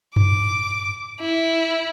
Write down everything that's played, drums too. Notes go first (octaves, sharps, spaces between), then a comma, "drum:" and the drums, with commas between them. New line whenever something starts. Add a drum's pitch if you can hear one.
D6, drum: tom F#2
E4